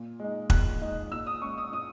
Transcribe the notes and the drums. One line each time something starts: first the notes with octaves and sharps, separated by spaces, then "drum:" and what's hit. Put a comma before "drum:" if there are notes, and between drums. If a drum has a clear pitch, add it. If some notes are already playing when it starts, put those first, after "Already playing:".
Already playing: A#2
G#3 D#4
A#2 F#6, drum: kick
G#3 D#4
A#2 E6
D#6
G#3 C#4 C#6
D#6
A#2 D#6